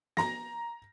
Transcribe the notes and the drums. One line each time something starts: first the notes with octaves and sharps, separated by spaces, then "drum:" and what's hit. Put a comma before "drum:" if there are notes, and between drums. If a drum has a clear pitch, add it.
A#5 A#6, drum: snare